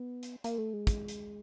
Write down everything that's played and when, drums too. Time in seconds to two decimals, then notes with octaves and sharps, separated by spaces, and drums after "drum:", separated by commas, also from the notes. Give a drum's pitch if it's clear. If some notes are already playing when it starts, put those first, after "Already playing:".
Already playing: B3
0.23 drum: hi-hat
0.44 A#3, drum: hi-hat
0.58 A3
0.73 G#3
0.87 drum: kick, hi-hat
1.08 drum: hi-hat